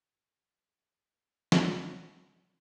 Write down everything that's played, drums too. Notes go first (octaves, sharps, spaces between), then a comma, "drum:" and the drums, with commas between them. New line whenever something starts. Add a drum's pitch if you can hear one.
G#3 F4 G#4
drum: snare